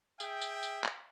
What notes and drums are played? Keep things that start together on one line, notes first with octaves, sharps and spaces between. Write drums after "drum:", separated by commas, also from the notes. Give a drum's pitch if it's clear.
G#4 E5 G5, drum: tambourine
drum: tambourine
drum: tambourine
drum: clap